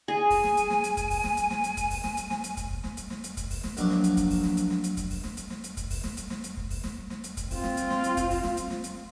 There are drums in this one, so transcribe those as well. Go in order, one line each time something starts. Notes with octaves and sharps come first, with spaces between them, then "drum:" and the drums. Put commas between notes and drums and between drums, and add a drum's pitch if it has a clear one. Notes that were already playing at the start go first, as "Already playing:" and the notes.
G#4 G#5
drum: kick, open hi-hat
drum: snare
drum: hi-hat
drum: snare
drum: hi-hat
drum: kick, hi-hat
drum: kick, open hi-hat
drum: snare
drum: hi-hat
drum: snare
drum: hi-hat
drum: kick, hi-hat
drum: kick, open hi-hat
drum: snare
drum: hi-hat
drum: snare
drum: hi-hat
drum: kick, hi-hat
drum: kick
drum: snare
drum: hi-hat
drum: snare
drum: hi-hat
drum: kick, hi-hat
drum: kick, open hi-hat
drum: snare
A#1 F#3 D6, drum: hi-hat
drum: snare
drum: hi-hat
drum: kick, hi-hat
drum: kick, open hi-hat
drum: snare
drum: hi-hat
drum: snare
drum: hi-hat
drum: kick, hi-hat
drum: kick, open hi-hat
drum: snare
drum: hi-hat
drum: snare
drum: hi-hat
drum: kick, hi-hat
drum: kick, open hi-hat
drum: snare
drum: hi-hat
drum: snare
drum: hi-hat
drum: kick
drum: kick, open hi-hat
drum: snare
drum: snare
drum: hi-hat
drum: kick, hi-hat
C4 F4, drum: kick, open hi-hat
drum: snare
drum: hi-hat
drum: snare
drum: hi-hat
drum: kick, hi-hat
drum: kick, open hi-hat
drum: snare
drum: hi-hat
drum: snare
drum: hi-hat